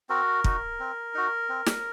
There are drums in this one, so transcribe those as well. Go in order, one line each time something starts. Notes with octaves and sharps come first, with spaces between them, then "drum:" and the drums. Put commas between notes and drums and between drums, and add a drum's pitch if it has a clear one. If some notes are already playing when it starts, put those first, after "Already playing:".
C4 F#4 A#4
D#4 F#4, drum: kick
C4
D#4 F#4
C4
drum: snare